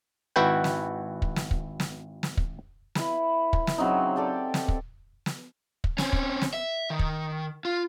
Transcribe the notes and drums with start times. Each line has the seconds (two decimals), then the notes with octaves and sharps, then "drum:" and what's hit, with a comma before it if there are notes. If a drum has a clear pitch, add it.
0.36 G#1 E4 F#4 B4 G5
0.64 drum: snare
1.22 drum: kick
1.36 drum: snare
1.51 drum: kick
1.80 drum: snare
2.23 drum: snare
2.37 drum: kick
2.95 E4 B4, drum: snare
3.53 drum: kick
3.67 drum: snare
3.78 C#3 F#3 C4 D#4
4.16 G4 A4 D5 G5
4.54 drum: snare
4.68 drum: kick
5.26 drum: snare
5.84 drum: kick
5.98 C4 C#4, drum: snare
6.13 drum: kick
6.42 drum: snare
6.54 E5
6.90 D#3
6.99 drum: kick
7.65 F4